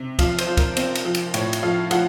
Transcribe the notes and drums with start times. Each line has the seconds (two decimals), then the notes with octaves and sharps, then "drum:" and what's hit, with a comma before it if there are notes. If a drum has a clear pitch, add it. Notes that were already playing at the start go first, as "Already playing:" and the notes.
Already playing: C3
0.19 F3 F5, drum: kick, cymbal
0.38 C5, drum: cymbal
0.47 F3
0.57 A#4, drum: kick, cymbal
0.77 C4, drum: cymbal
0.95 drum: cymbal
1.05 F3
1.15 drum: cymbal
1.34 A2 C#5, drum: cymbal
1.53 drum: cymbal
1.63 F3 F5
1.91 F3 F#5, drum: cymbal